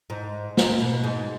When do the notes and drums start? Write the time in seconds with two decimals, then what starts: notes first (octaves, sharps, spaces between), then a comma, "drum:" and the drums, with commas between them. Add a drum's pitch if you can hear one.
0.10 G#2
0.57 drum: snare
0.80 B2
1.04 G#2